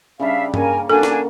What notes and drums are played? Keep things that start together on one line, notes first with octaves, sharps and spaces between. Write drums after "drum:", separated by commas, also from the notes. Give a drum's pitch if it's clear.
C#3 G3 D4 E5 F5
C#3 A#3 A#4 G#5, drum: tom G2
A#3 D4 F#4 A4 G#5
drum: snare